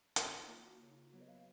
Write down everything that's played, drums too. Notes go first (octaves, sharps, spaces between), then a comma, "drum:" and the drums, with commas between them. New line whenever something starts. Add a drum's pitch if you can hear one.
D#3 F4, drum: hi-hat
D#4
A#3 C#4 F4
F#4
C#3 F4
D#4
F4
F#3 B3 F#4
D#5
F5